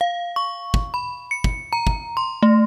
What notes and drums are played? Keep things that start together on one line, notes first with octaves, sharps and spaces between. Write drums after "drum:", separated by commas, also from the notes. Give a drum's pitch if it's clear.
F5
C#6
drum: kick
B5
C#7
drum: kick
A#5
drum: kick
C6
A3